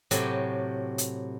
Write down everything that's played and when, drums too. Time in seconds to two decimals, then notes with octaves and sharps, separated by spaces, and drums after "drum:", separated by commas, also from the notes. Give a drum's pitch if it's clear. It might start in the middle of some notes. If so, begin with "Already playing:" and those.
0.11 A2 C3 F#3 G4, drum: hi-hat
0.98 drum: hi-hat